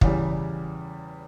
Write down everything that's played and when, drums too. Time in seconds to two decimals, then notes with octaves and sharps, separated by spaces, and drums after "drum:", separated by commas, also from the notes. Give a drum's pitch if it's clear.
0.01 E2 C#3 E3 G3, drum: kick